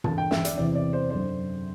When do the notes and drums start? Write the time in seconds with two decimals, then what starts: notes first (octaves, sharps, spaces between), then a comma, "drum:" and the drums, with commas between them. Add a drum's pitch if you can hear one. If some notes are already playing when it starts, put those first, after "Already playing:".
0.04 E2 D3 A5, drum: tom
0.18 G5
0.31 E5, drum: snare
0.45 D5, drum: hi-hat
0.57 E2 C3 E3 D5
0.75 D5
0.93 C5
1.10 F#2 D3 C5